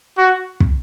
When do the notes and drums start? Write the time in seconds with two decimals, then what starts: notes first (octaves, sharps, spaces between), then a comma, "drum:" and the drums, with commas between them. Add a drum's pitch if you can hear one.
0.18 F#4
0.60 drum: kick